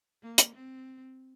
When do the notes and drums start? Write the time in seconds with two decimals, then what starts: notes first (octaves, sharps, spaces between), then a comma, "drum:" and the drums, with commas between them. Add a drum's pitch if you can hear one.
0.23 A#3
0.38 drum: hi-hat
0.55 C4